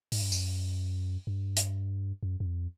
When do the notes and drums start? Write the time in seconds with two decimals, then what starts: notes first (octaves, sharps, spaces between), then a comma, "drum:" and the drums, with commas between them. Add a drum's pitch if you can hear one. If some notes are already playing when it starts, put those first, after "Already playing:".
0.12 G#2, drum: open hi-hat
0.22 G2
0.32 F#2, drum: tambourine
1.27 G2
1.57 drum: hi-hat
2.23 F#2
2.40 F#2
2.46 F2